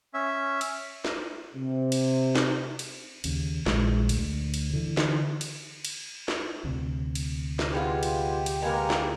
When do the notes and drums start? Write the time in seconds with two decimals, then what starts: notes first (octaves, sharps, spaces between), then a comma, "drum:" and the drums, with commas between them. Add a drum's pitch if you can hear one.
0.14 C#4 E5
0.61 drum: cymbal
1.05 drum: snare
1.53 C3
1.92 drum: cymbal
2.36 drum: snare
2.79 drum: cymbal
3.24 D#2 C#3, drum: cymbal
3.66 A#1 G#3, drum: snare
4.09 D2, drum: cymbal
4.54 drum: cymbal
4.74 D3 E3
4.97 drum: snare
5.41 drum: cymbal
5.85 drum: cymbal
6.28 drum: snare
6.64 D2 C3
7.15 drum: cymbal
7.59 drum: snare
7.73 G#3 B3 F4 G4
8.03 drum: cymbal
8.46 drum: cymbal
8.62 G#3 A#3 B3 A#4
8.90 drum: snare